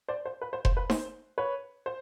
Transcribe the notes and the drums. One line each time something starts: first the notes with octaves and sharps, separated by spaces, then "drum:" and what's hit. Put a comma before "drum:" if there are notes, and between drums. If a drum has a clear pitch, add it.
C5 D5
C5
B4
C5
C5, drum: kick F1
B4
C5, drum: snare D#4
B4 C#5
C5